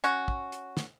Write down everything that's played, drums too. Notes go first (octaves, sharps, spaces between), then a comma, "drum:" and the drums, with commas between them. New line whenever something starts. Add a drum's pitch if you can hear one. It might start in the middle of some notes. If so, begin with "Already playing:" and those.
C#4 F#4, drum: hi-hat
drum: kick
drum: hi-hat
drum: snare